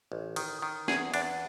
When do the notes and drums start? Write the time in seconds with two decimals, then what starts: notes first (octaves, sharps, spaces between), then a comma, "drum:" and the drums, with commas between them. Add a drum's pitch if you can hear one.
0.12 A1
0.36 D#3, drum: cymbal
0.62 D#3
0.88 E2 G#4, drum: snare
1.14 E2 D4, drum: cymbal